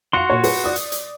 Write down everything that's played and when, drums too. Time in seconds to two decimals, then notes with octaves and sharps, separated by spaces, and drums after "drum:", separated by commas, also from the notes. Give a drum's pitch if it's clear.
0.13 F#4 F5 C6 C#7 F7
0.30 A#2 C#5
0.44 G#4 B4, drum: open hi-hat
0.64 D5 D#6
0.76 drum: hi-hat
0.92 drum: hi-hat